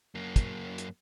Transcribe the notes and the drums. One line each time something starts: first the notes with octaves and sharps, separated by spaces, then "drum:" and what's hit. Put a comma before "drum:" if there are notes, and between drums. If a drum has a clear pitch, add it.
F#2 A#3
drum: kick, hi-hat
drum: hi-hat